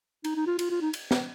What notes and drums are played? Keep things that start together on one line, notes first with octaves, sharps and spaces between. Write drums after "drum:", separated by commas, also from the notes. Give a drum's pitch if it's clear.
D#4, drum: cymbal
D#4
F4
F4, drum: cymbal
F4
D#4
drum: cymbal
drum: snare